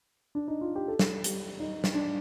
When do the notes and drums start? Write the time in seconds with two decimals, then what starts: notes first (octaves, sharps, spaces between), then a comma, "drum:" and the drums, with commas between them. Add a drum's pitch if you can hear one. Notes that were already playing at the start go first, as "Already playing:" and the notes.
0.35 D4
0.48 D#4
0.61 F4
0.76 G4
0.88 A4
0.99 drum: snare
1.24 G4, drum: hi-hat
1.60 D#4
1.84 drum: snare
1.95 D4